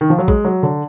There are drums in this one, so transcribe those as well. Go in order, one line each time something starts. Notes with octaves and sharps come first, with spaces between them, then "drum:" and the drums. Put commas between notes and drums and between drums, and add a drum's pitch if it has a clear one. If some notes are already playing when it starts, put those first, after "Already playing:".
D#3
F3
F#3
G#3, drum: kick A1
F#3
D3